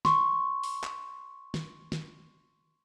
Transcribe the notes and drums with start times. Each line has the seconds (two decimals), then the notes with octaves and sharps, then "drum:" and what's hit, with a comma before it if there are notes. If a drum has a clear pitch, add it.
0.05 C6 C#6, drum: snare
0.63 drum: open hi-hat
0.84 drum: clap
1.54 drum: snare
1.92 drum: snare